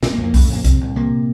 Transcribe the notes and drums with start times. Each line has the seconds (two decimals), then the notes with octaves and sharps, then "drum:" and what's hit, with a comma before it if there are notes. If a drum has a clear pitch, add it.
0.03 C#3 C4, drum: snare
0.13 A#3
0.18 F2
0.24 A#3
0.34 C#3 F#3, drum: kick B1, open hi-hat
0.45 A3
0.50 F2
0.55 A#3
0.64 C3 C4, drum: kick B1, hi-hat
0.81 C2
0.96 C3 A#3